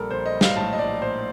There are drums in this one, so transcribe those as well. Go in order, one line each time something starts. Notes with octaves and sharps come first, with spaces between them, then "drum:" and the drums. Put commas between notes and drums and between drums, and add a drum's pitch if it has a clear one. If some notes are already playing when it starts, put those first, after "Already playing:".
Already playing: A#1 G3 A4 A#4
A#1 C5
D#5
G3
F5, drum: snare
A2 A5
D#5
A#1 D5
A#1 C5